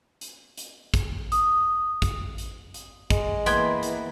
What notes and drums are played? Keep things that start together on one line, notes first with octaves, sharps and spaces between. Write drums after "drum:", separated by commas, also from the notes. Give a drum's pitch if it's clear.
drum: hi-hat
drum: hi-hat
drum: kick, hi-hat
D#6, drum: hi-hat
drum: kick, hi-hat
drum: hi-hat
drum: hi-hat
G#3, drum: kick, hi-hat
E3 A#3 B3 E5 G5 C6 G#6, drum: hi-hat
drum: hi-hat